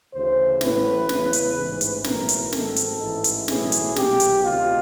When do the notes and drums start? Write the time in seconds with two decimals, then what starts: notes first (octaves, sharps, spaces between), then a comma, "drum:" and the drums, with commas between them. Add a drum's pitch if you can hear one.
0.14 D2 C#3 E3 C5
0.61 A1 A2 E3 B4, drum: snare
1.09 E2 C#3 E3, drum: snare
1.33 drum: hi-hat
1.57 A1 G#2 E3
1.81 drum: hi-hat
2.04 B1 A2 E3 A#4, drum: snare
2.29 drum: hi-hat
2.52 G#1 G#2 D#3 A4, drum: snare
2.76 drum: hi-hat
3.00 A1 G#2 E3
3.24 drum: hi-hat
3.48 B1 A2 E3 G#4, drum: snare
3.72 drum: hi-hat
3.96 B1 A#2 G4, drum: snare
4.20 drum: hi-hat
4.43 D2 C3 D#3 F4